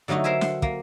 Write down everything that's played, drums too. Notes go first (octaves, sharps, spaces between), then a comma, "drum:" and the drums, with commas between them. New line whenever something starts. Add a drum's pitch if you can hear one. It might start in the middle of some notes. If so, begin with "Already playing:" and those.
D3 F#3 A3 D#4 F#4
A#4 C5 E5 G#5
F#5 C6, drum: snare
A#3, drum: kick